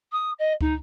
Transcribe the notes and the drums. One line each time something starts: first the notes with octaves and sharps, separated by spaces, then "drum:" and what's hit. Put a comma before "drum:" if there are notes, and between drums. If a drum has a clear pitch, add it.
D#6
D#5
D#4, drum: kick